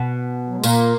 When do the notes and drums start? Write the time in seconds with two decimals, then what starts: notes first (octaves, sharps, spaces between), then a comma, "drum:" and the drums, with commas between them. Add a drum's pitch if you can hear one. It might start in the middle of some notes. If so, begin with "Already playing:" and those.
Already playing: B2
0.48 F#3
0.56 G#3
0.63 A#2 A#3, drum: tambourine